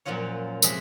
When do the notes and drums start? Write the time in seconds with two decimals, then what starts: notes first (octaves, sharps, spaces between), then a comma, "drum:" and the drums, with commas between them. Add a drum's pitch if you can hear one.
0.05 F#2 A#2 F3 F#3 F4 C#5
0.62 F2 C3 G#3 G#4 E5, drum: tambourine